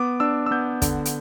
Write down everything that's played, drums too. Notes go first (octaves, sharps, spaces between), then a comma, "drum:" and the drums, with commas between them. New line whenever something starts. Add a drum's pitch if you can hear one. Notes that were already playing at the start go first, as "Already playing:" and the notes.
Already playing: B3 D6
D4 E6
E6
B3 G6
D3, drum: kick, hi-hat
drum: hi-hat